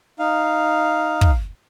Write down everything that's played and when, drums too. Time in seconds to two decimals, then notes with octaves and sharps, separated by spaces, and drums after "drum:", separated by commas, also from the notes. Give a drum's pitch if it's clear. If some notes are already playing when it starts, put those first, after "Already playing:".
0.19 D#4 F5
1.21 drum: kick